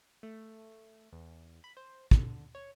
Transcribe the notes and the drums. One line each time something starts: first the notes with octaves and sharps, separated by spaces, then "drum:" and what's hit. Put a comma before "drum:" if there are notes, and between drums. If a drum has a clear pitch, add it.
A3
E2
B5
C5
D3, drum: kick
C#5